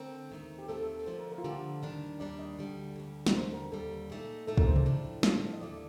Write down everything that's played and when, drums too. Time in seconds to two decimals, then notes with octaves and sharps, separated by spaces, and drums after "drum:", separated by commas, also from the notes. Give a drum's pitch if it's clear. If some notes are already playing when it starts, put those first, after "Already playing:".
Already playing: D3 A3 C4 A#4
0.31 D#2 D#3 A3 C4
0.59 G4
0.68 D#2 D#3 A3 C4 A4
0.81 A4
0.94 A4
1.06 D3 F3 A3 C5
1.19 A#4
1.32 A#4
1.38 F4
1.44 D3 F3 A3 G4
1.82 D#2 D#3 G3 D4
2.20 D#2 D#3 G3 D4 D5
2.39 D#5
2.57 D2 D3 G3 D5
2.96 D2 D3 G3
3.26 A#4, drum: snare
3.34 D#2 D3 G3 C5
3.53 A#4
3.72 D#2 D3 G3 A4
4.10 A#2 A3 D#4
4.47 A#2 A3 D#4 A4
4.57 A#4, drum: kick
4.66 C5
4.76 D5, drum: tom C3
4.86 A2 F3 A3 D4
5.23 A2 F3 A3 D4, drum: snare
5.53 D#5
5.61 D#2 D3 A3 D5